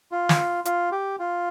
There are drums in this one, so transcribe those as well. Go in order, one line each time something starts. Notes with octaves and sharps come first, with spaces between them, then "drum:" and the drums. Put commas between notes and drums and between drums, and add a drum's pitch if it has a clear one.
F4
drum: snare
F4, drum: hi-hat
G4
F4